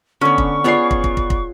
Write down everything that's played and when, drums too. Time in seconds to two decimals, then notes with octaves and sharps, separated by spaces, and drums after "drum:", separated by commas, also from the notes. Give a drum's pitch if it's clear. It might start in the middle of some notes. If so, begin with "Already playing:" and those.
0.21 D3 B3 C#4 C#6
0.38 drum: kick
0.64 B3 F4 G#4 C#5 D5 C7
0.91 drum: kick
1.04 drum: kick
1.17 drum: kick
1.30 drum: kick